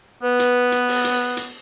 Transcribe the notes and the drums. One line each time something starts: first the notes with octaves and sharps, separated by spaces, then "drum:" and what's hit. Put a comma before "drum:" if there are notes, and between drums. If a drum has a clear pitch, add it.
B3 B4
drum: hi-hat
drum: hi-hat
drum: open hi-hat
drum: hi-hat
drum: hi-hat